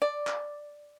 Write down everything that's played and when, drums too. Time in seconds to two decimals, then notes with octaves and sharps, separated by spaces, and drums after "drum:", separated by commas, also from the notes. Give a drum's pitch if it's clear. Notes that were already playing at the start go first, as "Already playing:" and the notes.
0.02 D5
0.27 drum: clap